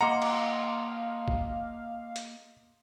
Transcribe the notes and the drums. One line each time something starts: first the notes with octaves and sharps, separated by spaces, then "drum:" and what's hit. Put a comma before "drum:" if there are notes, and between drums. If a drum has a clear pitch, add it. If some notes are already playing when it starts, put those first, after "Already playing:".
A#3 D#5 F5 F#5 A#5 C6 D6
drum: cymbal
drum: kick
drum: hi-hat